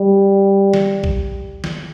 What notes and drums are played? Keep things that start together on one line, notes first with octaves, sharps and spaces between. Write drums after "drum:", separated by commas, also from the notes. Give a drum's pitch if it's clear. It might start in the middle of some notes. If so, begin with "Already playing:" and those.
Already playing: G3
drum: snare
drum: kick A#1
drum: snare